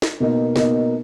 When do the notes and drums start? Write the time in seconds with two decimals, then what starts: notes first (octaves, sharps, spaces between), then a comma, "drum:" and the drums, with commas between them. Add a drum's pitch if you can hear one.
0.02 drum: snare
0.20 B2 A#3 D#4
0.56 B2 A#3 D#4, drum: snare